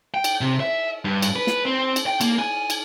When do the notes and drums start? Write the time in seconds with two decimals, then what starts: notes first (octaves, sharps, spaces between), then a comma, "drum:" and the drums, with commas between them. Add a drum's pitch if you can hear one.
0.14 G5
0.24 drum: cymbal
0.41 C3
0.60 E5
1.05 G2
1.23 drum: cymbal
1.36 B4
1.47 drum: snare
1.65 C4
1.96 drum: cymbal
2.06 G5
2.21 A#3, drum: cymbal
2.39 G#5
2.70 drum: cymbal